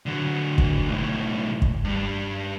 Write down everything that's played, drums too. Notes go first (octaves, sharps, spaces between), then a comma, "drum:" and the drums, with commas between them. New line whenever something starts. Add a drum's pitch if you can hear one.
D3 F#3
drum: kick
B1 A2
drum: kick
G2 G3